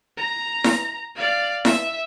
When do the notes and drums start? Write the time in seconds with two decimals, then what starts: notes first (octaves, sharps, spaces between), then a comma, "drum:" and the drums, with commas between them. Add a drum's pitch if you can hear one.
0.17 A#5
0.64 drum: snare E4
1.16 D5 F5
1.65 E5, drum: snare E4